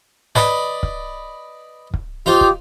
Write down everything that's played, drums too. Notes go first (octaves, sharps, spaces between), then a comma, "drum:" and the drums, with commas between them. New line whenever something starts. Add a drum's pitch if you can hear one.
B4 D5 D#5, drum: snare G#2
drum: kick
drum: kick
D#4 F4 G4 C5
drum: kick